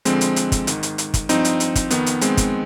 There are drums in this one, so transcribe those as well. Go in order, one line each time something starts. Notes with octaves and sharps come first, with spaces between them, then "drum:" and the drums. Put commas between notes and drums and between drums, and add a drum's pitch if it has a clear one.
F2 D3 F3 G#3 C4, drum: hi-hat
drum: hi-hat
drum: hi-hat
drum: kick, hi-hat
G#2 D#3, drum: hi-hat
drum: hi-hat
drum: hi-hat
drum: kick, hi-hat
G2 F3 C4 D#4, drum: hi-hat
drum: hi-hat
drum: hi-hat
drum: kick, hi-hat
F2 D#3 B3, drum: hi-hat
drum: hi-hat
G#3 C4, drum: hi-hat
drum: kick, hi-hat